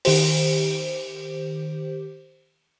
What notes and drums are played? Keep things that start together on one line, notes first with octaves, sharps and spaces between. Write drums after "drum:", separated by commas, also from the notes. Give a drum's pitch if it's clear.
D#3 G4 C5, drum: open hi-hat